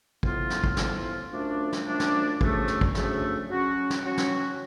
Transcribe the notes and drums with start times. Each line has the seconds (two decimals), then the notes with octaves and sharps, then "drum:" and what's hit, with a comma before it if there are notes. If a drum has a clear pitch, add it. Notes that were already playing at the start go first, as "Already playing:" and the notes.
0.23 A2 F3 B3 F4, drum: kick
0.50 drum: snare
0.64 drum: kick
0.77 A2 F3 B3 F4, drum: snare
1.32 F#2 F3 A3 D4
1.72 drum: snare
1.86 F#2 F3 A3 D4
2.00 drum: snare
2.41 D2 C#3 F3 A3, drum: kick
2.68 drum: snare
2.81 drum: kick
2.95 D2 C#3 F3 A3, drum: snare
3.49 F#3 C#4 F#4
3.90 drum: snare
4.04 F#3 C#4 F#4
4.17 drum: snare